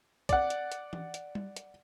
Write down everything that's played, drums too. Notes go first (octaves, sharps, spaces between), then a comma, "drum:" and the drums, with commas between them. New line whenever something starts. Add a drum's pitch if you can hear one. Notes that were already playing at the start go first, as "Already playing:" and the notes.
D5 F#5, drum: kick, hi-hat
drum: hi-hat
drum: hi-hat
drum: tom E3
drum: hi-hat
drum: tom G3
drum: hi-hat